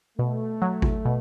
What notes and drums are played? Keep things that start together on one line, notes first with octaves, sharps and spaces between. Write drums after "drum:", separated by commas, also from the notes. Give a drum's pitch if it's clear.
B2 A3
F#3
drum: kick G#1
B2